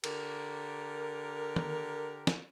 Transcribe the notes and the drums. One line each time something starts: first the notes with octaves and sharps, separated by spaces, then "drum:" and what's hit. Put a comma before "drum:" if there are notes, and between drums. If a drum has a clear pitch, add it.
D3 G4 A#4, drum: cymbal
drum: tom
drum: snare